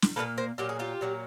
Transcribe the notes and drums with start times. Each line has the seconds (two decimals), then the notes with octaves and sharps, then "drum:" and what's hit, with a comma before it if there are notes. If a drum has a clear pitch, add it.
0.02 drum: snare
0.16 A#2 F#3 A#3 A4 B4
0.38 A#4 C5
0.58 A#2 F#3 A#3 G4
0.69 G#4
0.79 F4 G4
1.01 A#2 F#3 A#3